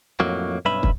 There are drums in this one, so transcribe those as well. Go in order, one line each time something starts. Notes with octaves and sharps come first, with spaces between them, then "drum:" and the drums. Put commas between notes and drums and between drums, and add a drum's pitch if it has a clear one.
F2 A2 F#3 A#3
B1 G2 C#4 B4 E5 B5
drum: kick